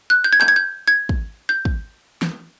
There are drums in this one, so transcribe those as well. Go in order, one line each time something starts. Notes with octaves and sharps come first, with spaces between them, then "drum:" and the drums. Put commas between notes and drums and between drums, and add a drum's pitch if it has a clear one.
F#6
G6
G#6
G6, drum: clap
G#6
G6
G#6
drum: kick
G6
drum: kick
drum: snare